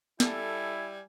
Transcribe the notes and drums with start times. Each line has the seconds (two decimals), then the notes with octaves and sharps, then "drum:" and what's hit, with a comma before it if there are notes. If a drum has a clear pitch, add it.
0.20 G3 E4 A4 G#5, drum: snare